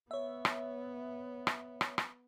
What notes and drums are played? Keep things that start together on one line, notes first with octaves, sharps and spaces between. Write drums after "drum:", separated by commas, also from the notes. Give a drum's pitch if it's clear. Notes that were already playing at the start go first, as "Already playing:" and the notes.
B3 C#5 E5
drum: rim click
drum: rim click
drum: rim click
drum: rim click